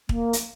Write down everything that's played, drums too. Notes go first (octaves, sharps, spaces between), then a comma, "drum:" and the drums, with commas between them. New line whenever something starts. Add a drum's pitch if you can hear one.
A#3, drum: kick
drum: hi-hat